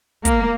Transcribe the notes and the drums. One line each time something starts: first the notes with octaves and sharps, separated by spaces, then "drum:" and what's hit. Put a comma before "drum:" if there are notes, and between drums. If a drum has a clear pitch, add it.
A#3, drum: kick, hi-hat